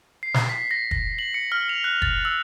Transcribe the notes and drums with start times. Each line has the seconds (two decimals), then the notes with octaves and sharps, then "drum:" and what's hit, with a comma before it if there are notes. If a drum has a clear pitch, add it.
0.23 C7
0.34 drum: snare
0.49 B6
0.71 A#6
0.91 A#6, drum: kick
1.19 F#7
1.34 C#7
1.52 F6
1.69 F7
1.84 F#6
2.02 A6, drum: kick
2.25 E6